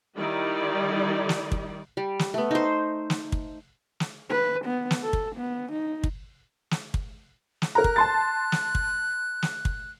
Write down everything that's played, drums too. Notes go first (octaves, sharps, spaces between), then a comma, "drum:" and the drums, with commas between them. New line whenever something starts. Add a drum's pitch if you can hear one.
D#3 G3 D#4 E4 G4 D5
drum: snare
drum: kick
G3
drum: snare
A3 B3
D#4 C5
drum: snare
drum: kick
drum: snare
B4
B3
drum: snare
A4
drum: kick
B3
D#4
drum: kick
drum: snare
drum: kick
drum: snare
A#4 A#5 F#6
drum: kick
A5 C6 A6
drum: snare
drum: kick
drum: snare
drum: kick